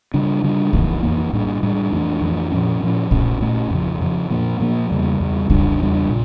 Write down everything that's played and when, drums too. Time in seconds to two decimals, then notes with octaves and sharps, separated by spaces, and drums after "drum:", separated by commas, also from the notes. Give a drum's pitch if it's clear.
0.14 C#3 G3 D4
0.44 C#3 G3 D4
0.73 F2 E3 A#3, drum: kick A#1
1.03 F2 E3 A#3
1.33 A2 G3 D4
1.62 A2 G3 D4
1.93 F2 E3 A3 D4
2.21 F2 E3 A3 D4
2.51 A#2 F3 C#4
2.82 A#2 F3 C#4
3.11 A#2 A3 C#4, drum: kick A#1
3.41 A#2 A3 C#4
3.71 F2 C#3 F3
4.01 F2 C#3 F3
4.30 A#2 F3 A#3
4.60 A#2 F3 A#3
4.90 E2 C#3 G3
5.20 E2 C#3 G3
5.50 E2 C#3 G3 D4, drum: kick A#1
5.80 E2 C#3 G3 D4
6.09 A#2